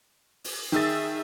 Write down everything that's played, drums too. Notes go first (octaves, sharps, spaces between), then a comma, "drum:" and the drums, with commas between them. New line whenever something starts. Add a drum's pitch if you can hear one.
drum: open hi-hat
D#3 G#4 E5 E6 A6